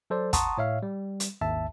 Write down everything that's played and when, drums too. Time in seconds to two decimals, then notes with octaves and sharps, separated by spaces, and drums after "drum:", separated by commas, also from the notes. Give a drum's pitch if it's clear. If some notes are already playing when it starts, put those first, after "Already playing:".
0.10 F#3 A4 C5 D5
0.33 F#5 A5 A#5 C6 C#6 D#6, drum: kick, hi-hat
0.58 A2 C#5 E5 F5
0.83 G3
1.20 drum: hi-hat
1.41 G#1 D#2 E5 A5